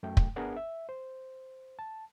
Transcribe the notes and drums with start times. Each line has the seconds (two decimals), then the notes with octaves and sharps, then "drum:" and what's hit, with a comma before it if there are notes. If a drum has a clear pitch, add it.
0.03 F#2 A3 G5
0.17 drum: kick
0.36 B3 D4 G#4 A#4 F#5
0.57 E5
0.89 C5
1.79 A5